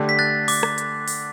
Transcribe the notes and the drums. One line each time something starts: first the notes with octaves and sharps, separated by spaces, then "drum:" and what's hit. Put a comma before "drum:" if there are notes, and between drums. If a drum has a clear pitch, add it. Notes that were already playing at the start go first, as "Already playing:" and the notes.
Already playing: D3 A3 D4 G4
B6
F#6 A6
D6, drum: open hi-hat
drum: rim click
drum: hi-hat
drum: open hi-hat